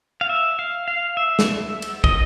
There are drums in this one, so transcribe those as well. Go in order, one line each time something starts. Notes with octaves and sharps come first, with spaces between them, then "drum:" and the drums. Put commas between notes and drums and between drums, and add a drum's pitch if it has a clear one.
F5
E5
F5
F5
E5
drum: snare
drum: cymbal
D#5, drum: kick